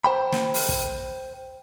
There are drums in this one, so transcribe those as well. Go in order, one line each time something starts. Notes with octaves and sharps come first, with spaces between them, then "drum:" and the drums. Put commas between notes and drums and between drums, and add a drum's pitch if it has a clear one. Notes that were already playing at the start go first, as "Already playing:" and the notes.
C5 G5 B5
drum: snare
drum: open hi-hat
drum: kick